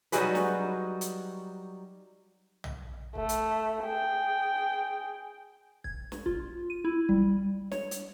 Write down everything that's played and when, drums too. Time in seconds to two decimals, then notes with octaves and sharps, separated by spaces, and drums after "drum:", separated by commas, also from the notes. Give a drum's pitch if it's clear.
0.12 F#3 G3 D#4 F#4 G#4 B4, drum: hi-hat
0.35 drum: snare
1.01 drum: hi-hat
2.64 drum: tom
3.15 A3, drum: kick
3.29 drum: hi-hat
3.84 G#4 G5
5.84 G#6, drum: kick
6.12 drum: snare
6.26 F4, drum: kick
6.70 D#7
6.84 E4
7.09 G3, drum: kick
7.71 C#5, drum: snare
7.91 drum: hi-hat